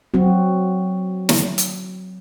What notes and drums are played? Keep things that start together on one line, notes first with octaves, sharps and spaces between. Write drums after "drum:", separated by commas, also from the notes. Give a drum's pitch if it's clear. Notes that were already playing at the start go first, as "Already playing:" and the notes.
F#3 C4 F#4
drum: snare
drum: hi-hat